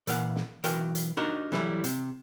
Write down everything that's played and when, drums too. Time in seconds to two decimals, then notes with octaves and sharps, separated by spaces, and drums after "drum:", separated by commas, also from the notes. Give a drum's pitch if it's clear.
0.07 A#2 E3 A#4 F5 F#5, drum: hi-hat
0.36 drum: snare
0.64 B1 E3 F#4 A#4 G5, drum: hi-hat
0.95 drum: hi-hat
1.17 D4 D#4 F#4 G4 A#4
1.52 E3 F#3 G3 A3 E4, drum: snare
1.84 C3, drum: hi-hat